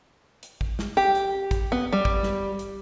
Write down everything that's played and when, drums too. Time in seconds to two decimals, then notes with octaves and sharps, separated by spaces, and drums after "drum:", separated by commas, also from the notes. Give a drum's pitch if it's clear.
0.43 drum: hi-hat
0.61 drum: kick
0.79 drum: snare
0.97 G4
1.15 drum: hi-hat
1.51 drum: kick, hi-hat
1.72 B3
1.93 G3
2.05 drum: kick
2.23 drum: snare
2.59 drum: hi-hat